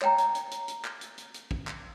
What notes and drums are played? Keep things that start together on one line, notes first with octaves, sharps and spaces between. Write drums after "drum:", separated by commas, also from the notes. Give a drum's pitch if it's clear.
C#5 G5 A#5, drum: clap
drum: hi-hat
drum: hi-hat
drum: hi-hat
drum: hi-hat
drum: clap
drum: hi-hat
drum: hi-hat
drum: hi-hat
drum: kick
drum: clap